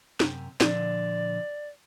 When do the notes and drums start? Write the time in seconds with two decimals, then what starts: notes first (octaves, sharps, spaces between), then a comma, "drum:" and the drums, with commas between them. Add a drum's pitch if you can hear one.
0.20 F#2 C3, drum: snare
0.61 A#2 D3 F3 D5, drum: snare